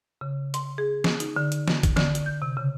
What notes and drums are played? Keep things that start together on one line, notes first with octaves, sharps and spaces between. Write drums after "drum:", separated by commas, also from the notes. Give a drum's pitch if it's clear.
C#3
C6, drum: hi-hat
G#4
drum: snare
D#4, drum: hi-hat
D3
drum: hi-hat
drum: snare
drum: kick, hi-hat
D3, drum: snare
drum: hi-hat
G6
C3
C#3